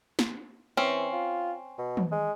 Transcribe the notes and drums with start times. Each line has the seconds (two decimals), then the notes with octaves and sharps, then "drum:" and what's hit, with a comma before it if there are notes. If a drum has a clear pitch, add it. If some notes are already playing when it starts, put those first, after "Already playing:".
0.19 drum: snare
0.77 E3 C4 C#4
1.13 F4
1.79 B2
1.97 drum: tom
2.12 G#3